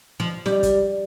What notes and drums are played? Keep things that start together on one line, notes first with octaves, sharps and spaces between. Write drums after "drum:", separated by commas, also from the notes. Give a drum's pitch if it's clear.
F3
G3, drum: snare
drum: kick, hi-hat